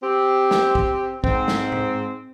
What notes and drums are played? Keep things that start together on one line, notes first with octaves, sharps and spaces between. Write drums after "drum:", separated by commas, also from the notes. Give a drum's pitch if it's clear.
C4 G4
drum: snare
drum: kick
G#2 C4, drum: kick
drum: snare
drum: tom A2